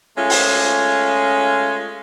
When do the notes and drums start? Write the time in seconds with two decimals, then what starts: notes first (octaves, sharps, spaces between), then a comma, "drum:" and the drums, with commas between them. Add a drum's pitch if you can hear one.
0.17 G#3 A3 C#4 F4
0.30 drum: open hi-hat